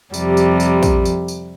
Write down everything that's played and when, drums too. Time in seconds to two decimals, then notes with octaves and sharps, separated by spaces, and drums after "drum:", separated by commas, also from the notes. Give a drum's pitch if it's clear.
0.14 F2 C3 G3, drum: tambourine
0.37 drum: tambourine
0.60 drum: tambourine
0.83 drum: kick, tambourine
1.05 drum: tambourine
1.28 drum: tambourine